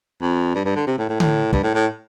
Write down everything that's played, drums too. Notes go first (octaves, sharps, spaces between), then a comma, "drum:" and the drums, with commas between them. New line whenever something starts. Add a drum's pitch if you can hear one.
F2
G2
G2
D3
C3
A2
A2
A2, drum: tom D3
G2, drum: kick
A2
A2